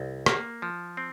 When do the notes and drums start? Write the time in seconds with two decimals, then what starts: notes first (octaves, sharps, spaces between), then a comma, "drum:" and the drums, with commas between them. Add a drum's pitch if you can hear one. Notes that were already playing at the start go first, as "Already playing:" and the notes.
Already playing: C2
0.26 A#3, drum: rim click
0.62 F3
0.97 C4